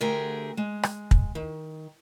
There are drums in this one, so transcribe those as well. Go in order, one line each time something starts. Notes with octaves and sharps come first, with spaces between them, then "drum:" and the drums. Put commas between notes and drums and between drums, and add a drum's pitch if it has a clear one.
D2 D3 G4 G#4 A#4 G#5
G#3
drum: rim click
drum: kick
D#3